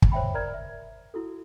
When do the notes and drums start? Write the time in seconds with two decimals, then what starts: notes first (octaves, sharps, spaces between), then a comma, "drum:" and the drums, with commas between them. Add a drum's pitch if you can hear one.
0.02 drum: kick
0.12 C5 C#5 E5 G5 B5
0.34 A#4 D5 A#5 F6 G#6
0.54 E5
1.14 E4 F#4 A4